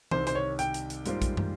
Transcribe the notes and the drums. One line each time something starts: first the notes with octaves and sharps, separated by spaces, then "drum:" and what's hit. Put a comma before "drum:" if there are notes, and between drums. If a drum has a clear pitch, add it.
C2 C3 D#3 C5, drum: tom E3
C5, drum: hi-hat
C#5
G5, drum: hi-hat
drum: hi-hat
drum: hi-hat
G#2 G3 A#3 F4 C5, drum: hi-hat
drum: kick A#1, hi-hat
drum: tom